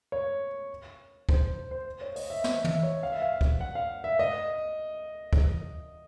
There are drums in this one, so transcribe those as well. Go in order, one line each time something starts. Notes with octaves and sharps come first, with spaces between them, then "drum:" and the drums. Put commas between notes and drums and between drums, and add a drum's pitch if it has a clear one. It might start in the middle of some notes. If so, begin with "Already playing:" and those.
C#5
C5, drum: kick
C5
C#5
D#5, drum: open hi-hat
E5
E5, drum: snare
E5, drum: tom
C#5
F5
E5
F5
drum: kick
F#5
F5
E5
D#5
drum: kick